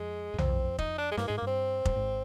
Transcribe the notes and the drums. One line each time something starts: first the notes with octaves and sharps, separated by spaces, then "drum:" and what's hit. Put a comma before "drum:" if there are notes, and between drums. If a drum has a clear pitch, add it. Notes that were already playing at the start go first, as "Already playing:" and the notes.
Already playing: F2 G#3
G2
F2 C4, drum: tom B1
D#4, drum: kick
D4
G#3
G2 A#3, drum: snare
G#2 G#3
A#3
G2 C4
G2, drum: kick
G#1 G#2